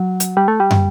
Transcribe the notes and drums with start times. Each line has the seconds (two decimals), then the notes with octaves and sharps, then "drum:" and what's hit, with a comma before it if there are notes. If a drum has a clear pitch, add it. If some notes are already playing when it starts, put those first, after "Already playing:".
Already playing: F#3
0.20 drum: hi-hat
0.37 G3
0.48 A3
0.60 G3
0.71 drum: tom